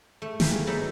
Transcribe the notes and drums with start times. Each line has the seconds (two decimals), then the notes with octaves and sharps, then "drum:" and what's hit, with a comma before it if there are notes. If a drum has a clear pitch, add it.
0.22 A3
0.40 G4 G#4 A#4 B4 F5 G#5, drum: snare
0.67 F#3 B3 D#4 A4 B4 E5